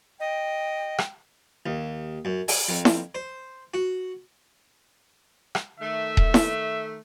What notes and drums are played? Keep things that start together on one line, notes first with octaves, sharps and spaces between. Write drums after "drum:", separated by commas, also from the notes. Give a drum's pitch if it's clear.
D#5 G5
drum: rim click
D#2
F#2
G#5, drum: open hi-hat
F2
drum: snare E4
C5
F#4
drum: rim click
D#3 A3 E5
drum: kick D#1
drum: snare E4